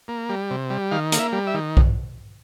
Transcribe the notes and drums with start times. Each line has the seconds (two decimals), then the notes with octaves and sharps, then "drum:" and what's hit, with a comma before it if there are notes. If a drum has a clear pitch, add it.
0.08 A#3
0.29 G3
0.51 C3
0.70 G3
0.91 D#3 F5
1.12 A#3, drum: hi-hat
1.19 E5
1.33 G3
1.47 E5
1.54 D#3
1.77 drum: kick B1